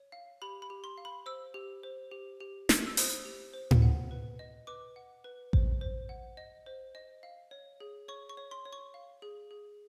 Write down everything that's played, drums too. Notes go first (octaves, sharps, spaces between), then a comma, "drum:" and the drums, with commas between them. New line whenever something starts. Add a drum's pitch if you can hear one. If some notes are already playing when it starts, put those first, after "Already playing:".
Already playing: C#5
F5
G4 B5
B5
G4
C6
F5
B5
C5 E6
G4
C5
G4
G4
G4, drum: snare
E6
C5 D#6, drum: open hi-hat
G4
C5
drum: tom A2
F#5
B4
D#5
B4 D6
F#5
B4
C5, drum: kick A1
C5
F#5
D#5
C5
D#5
F5
C#5
G#4
C#5 C#6
C#6
C#5
C6
C#5
C#6
F5
G#4
G#4